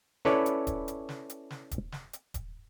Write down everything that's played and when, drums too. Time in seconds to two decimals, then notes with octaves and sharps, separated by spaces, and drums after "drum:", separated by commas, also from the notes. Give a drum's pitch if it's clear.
0.25 C#4 E4 A4 B4 C#5 D5, drum: snare
0.46 drum: hi-hat
0.67 drum: kick D#1, hi-hat
0.88 drum: hi-hat
1.09 drum: snare
1.30 drum: hi-hat
1.50 drum: snare
1.71 drum: kick D#1, hi-hat
1.92 drum: snare
2.13 drum: hi-hat
2.34 drum: kick D#1, hi-hat